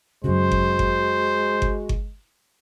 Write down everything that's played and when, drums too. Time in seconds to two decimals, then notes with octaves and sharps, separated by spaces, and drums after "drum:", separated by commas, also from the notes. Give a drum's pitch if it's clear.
0.24 F#2 C#3 G#3 F#4 C5
0.52 drum: kick G1
0.79 drum: kick G1
1.62 drum: kick G1
1.89 drum: kick G1